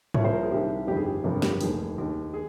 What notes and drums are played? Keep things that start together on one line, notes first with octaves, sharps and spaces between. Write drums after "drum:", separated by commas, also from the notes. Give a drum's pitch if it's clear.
C2 A#2 F3 C#5, drum: tom G#2
C5
A#4
G#4
C2 C3 D#3 G4
G1 F2 D#3 G4
G#4
G4
G1 F2 C3 F3 A#4
G4, drum: snare
F1 D#2 D#3 G#4, drum: open hi-hat
D#2 D#3
G#4